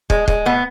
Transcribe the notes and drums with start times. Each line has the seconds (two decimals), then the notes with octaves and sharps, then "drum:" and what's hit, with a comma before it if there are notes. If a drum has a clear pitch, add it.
0.10 G#3, drum: kick
0.28 G#3, drum: kick
0.45 A2 B3